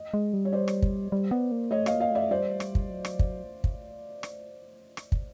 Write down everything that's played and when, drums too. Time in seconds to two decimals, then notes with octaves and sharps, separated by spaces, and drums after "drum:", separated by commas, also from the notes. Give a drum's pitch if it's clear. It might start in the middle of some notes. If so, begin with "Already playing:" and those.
Already playing: D#5
0.14 G#3
0.34 G3
0.45 C#5
0.52 C5 D5
0.68 drum: rim click
0.82 drum: kick
1.12 G3
1.31 B3
1.52 A#3
1.71 A3 C#5 D#5
1.86 A#3 D#5 F5, drum: rim click
2.00 D#5 F5
2.11 A3 D5 E5
2.31 G3 C5 D5
2.60 drum: rim click
2.75 drum: kick
2.90 F#3
3.05 drum: rim click
3.19 drum: kick
3.64 drum: kick
4.23 drum: rim click
4.97 drum: rim click
5.12 drum: kick